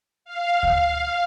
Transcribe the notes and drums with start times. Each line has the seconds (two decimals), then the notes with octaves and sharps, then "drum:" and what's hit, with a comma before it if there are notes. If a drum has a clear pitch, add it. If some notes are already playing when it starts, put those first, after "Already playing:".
0.25 F5
0.63 drum: kick D2